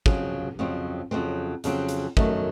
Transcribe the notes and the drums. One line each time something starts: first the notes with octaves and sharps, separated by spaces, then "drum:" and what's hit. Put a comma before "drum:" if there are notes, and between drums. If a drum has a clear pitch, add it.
F2 C#3 F#3 C4, drum: kick
F2 C#3 F#3 C4
F2 C#3 F#3 C4
F2 C#3 F#3 C4, drum: hi-hat
drum: hi-hat
F#2 D#3 F#3 A3, drum: kick